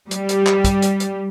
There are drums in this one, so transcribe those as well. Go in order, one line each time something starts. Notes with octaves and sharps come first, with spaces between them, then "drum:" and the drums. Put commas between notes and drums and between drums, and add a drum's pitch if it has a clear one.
G3, drum: hi-hat
drum: hi-hat
drum: clap
drum: kick, hi-hat
drum: hi-hat
drum: hi-hat